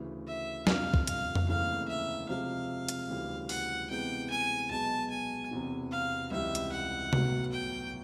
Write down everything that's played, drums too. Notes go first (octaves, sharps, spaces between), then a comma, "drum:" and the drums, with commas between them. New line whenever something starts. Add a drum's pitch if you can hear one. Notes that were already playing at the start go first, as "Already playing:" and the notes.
Already playing: D2 C#3 E3 A3
E5
G1 F2 C3 F5, drum: snare
drum: kick
F5, drum: hi-hat
drum: tom F2
F1 D#2 C#3 E3 A3 F5
E5
C3 F3 G#3 F5
drum: hi-hat
D2 C#3 E3 G3
F#5, drum: open hi-hat
C3 E3 G#3 B3 G5
G#5
B1 B2 G#3 B3 A5
G#5
E1 E2 C3
F5
C#2 C3 E3 G3 E5
drum: hi-hat
F#5
B1 A2 F#3 B3, drum: tom C3
G5